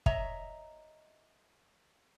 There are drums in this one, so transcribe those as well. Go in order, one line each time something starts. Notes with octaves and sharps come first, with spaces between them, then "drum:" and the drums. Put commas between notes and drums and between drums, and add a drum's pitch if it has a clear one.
C#5 D#5 E5 A#5, drum: kick